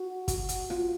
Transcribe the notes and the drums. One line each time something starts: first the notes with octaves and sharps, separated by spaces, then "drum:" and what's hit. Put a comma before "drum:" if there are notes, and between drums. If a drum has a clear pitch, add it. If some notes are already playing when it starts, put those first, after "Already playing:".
Already playing: F#4
F#4, drum: kick, hi-hat
drum: hi-hat
F4, drum: rim click